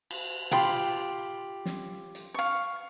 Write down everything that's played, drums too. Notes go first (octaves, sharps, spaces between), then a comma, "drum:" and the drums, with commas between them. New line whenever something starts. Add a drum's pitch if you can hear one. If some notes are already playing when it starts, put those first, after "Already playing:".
drum: cymbal
F4 G4 B5 C6, drum: tom
drum: snare
drum: hi-hat
F5 C#6